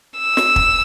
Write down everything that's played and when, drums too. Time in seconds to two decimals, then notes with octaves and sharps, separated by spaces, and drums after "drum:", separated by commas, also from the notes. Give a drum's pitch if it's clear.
0.18 E6
0.37 drum: snare
0.56 drum: kick